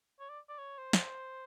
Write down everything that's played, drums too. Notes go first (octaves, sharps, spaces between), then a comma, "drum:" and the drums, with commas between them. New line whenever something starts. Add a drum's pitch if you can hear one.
C#5
D5
D5
C#5
C5
drum: snare